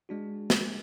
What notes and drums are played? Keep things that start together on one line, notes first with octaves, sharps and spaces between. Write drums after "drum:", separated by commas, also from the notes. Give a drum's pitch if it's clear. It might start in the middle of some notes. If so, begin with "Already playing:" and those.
G#3 D4 F#4
drum: snare